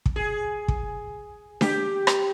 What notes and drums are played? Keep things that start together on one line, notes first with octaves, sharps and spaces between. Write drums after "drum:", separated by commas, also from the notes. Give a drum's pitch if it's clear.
drum: kick
G#4
drum: kick
G4, drum: snare D4
drum: rim click